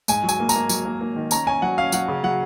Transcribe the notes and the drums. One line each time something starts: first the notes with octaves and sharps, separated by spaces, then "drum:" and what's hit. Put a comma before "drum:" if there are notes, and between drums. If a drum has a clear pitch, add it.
G#2 G#5, drum: tambourine
F#3
G#5, drum: tambourine
A#3
A#5, drum: tambourine
A#3
F#3, drum: tambourine
A#3
A#3
D#3
C#4 A#5, drum: tambourine
C#4 G#5
F#3 F#5
C#4 F5
F#3 F#5, drum: tambourine
C#3
F#3 F#5